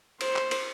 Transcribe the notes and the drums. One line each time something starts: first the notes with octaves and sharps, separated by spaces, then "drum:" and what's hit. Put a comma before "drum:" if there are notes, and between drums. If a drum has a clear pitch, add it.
C5, drum: cymbal
drum: clap
drum: cymbal